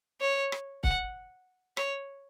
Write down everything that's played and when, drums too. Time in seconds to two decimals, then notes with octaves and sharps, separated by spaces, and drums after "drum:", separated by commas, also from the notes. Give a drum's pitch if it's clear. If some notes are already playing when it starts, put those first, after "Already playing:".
0.21 C#5
0.52 drum: rim click
0.84 F#5, drum: kick
1.77 C#5, drum: rim click